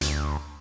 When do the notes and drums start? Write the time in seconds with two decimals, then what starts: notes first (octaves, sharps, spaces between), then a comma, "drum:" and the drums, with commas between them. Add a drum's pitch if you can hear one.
0.01 D2, drum: hi-hat